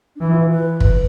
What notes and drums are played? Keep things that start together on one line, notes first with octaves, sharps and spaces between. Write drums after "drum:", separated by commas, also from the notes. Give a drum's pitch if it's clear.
D4
E3 E4
F4
B4
B4
drum: kick